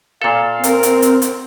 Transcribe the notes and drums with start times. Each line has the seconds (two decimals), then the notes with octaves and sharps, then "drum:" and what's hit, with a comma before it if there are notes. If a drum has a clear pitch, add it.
0.22 A#2 A4 F5
0.64 C4 A#4, drum: hi-hat
0.83 drum: hi-hat
1.02 drum: hi-hat
1.22 drum: hi-hat